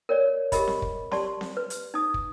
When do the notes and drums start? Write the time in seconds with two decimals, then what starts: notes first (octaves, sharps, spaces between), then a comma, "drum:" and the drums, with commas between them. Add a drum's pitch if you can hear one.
0.09 A#4 C#5 D5
0.52 G4 G#4 A#4 D#5 B5, drum: kick, hi-hat
0.68 drum: snare C4
0.82 drum: kick
1.11 G4 D5 A5 C6, drum: snare C4
1.41 drum: snare C4
1.57 B4
1.70 drum: hi-hat
1.94 D#4 D#6
2.14 drum: kick